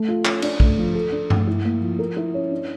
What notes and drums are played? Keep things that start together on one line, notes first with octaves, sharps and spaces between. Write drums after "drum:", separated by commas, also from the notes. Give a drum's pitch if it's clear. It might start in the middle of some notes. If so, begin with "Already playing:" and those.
Already playing: A3
F4
C#4, drum: clap
D4, drum: cymbal
A3, drum: kick A#1
F3
A4
D4
A3, drum: tom G2
E4
A#3
F3
A#4
E4
C#4
D4